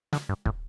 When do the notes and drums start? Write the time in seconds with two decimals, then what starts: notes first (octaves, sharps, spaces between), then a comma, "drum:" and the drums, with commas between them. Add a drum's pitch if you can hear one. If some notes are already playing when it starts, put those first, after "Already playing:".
0.13 D3, drum: snare
0.29 G2
0.45 A2, drum: kick